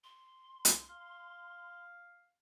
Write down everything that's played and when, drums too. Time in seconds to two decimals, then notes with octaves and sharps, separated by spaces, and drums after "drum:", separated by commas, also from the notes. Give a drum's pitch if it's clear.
0.04 C6
0.65 drum: hi-hat
0.90 F5